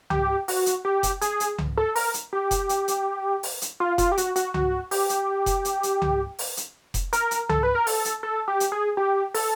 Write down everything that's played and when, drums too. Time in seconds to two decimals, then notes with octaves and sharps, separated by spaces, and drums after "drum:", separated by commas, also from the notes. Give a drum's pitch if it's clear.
0.10 G4, drum: tom C2
0.48 F#4, drum: open hi-hat
0.66 drum: hi-hat
0.85 G4
1.03 drum: kick F1, hi-hat
1.21 G#4, drum: hi-hat
1.40 drum: hi-hat
1.58 drum: tom C2
1.78 A4
1.96 A#4, drum: open hi-hat
2.14 drum: hi-hat
2.33 G4
2.51 drum: kick F1, hi-hat
2.69 drum: hi-hat
2.88 drum: hi-hat
3.43 drum: open hi-hat
3.62 drum: hi-hat
3.80 F4
3.98 F4, drum: kick F1, hi-hat
4.12 G4
4.17 F#4, drum: hi-hat
4.36 F#4, drum: hi-hat
4.54 F#4, drum: tom C2
4.91 G4, drum: open hi-hat
5.09 drum: hi-hat
5.46 drum: kick F1, hi-hat
5.65 drum: hi-hat
5.83 drum: hi-hat
6.02 drum: tom C2
6.39 drum: open hi-hat
6.57 drum: hi-hat
6.94 drum: kick F1, hi-hat
7.13 A#4, drum: hi-hat
7.31 drum: hi-hat
7.49 A4, drum: tom C2
7.63 B4
7.75 A#4
7.87 A4, drum: open hi-hat
8.05 drum: hi-hat
8.23 A4
8.48 G4
8.60 drum: hi-hat
8.72 G#4
8.97 G4
9.34 A4, drum: open hi-hat